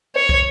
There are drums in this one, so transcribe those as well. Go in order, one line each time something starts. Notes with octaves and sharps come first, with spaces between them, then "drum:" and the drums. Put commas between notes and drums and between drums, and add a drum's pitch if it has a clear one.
C#5
drum: kick